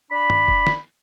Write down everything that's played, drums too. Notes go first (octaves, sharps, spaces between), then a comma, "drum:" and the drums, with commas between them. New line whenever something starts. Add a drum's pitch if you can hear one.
D4 B5
drum: tom G2
drum: kick F1
drum: snare